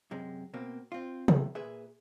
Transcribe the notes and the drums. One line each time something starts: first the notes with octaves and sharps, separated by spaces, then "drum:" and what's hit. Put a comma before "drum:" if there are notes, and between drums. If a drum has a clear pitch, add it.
F#2 C3 G#3
B2 A#3 C4
C4 F4
E2 A2, drum: tom C3
A#2 G#4 B4 E5